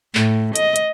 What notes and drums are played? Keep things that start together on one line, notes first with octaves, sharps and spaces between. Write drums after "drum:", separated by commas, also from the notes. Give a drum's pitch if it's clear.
A2, drum: clap
D#5, drum: hi-hat
drum: hi-hat